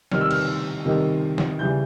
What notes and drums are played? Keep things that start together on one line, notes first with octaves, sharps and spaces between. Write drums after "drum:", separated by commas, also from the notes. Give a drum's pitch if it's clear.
C3 D#3 G3 F6, drum: snare
E6
F6, drum: cymbal
C3 D#3 G3
drum: snare
C#3 E3 G3 G6